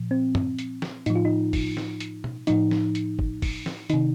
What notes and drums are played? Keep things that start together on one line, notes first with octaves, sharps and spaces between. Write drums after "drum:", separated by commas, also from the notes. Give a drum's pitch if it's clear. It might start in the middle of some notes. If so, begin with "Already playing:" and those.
Already playing: A#2 F3
C4
drum: tom
drum: hi-hat
drum: snare
A2 F3 D#4, drum: hi-hat
F4
D#4
drum: kick, open hi-hat
drum: snare
drum: hi-hat
drum: tom B2
A2 F3 D#4, drum: hi-hat
drum: snare
drum: hi-hat
drum: kick
drum: kick, open hi-hat
drum: snare
C3 D#3 D#4, drum: hi-hat